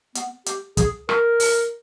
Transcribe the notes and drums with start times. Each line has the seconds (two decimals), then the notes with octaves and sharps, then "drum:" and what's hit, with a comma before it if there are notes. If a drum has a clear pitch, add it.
0.15 B3, drum: hi-hat
0.46 G4, drum: hi-hat
0.77 G#4, drum: kick, hi-hat
1.09 A#4, drum: rim click
1.40 drum: open hi-hat